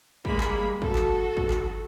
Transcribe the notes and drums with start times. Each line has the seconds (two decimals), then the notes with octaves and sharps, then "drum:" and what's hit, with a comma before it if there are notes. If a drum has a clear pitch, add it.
0.25 G3 G#3 A#3 B5, drum: kick
0.40 drum: clap
0.82 F#4 A4, drum: kick
0.95 drum: clap
1.37 drum: kick
1.50 drum: clap